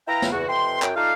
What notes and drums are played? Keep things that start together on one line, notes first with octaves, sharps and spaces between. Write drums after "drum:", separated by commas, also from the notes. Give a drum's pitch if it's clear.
E4 B4 E5 F5 G5 A#5
drum: snare
E2 F#4
F2 C3 B4 G5 C6
F#2 G5, drum: clap
A3 D#4 F4 A4 D5 F5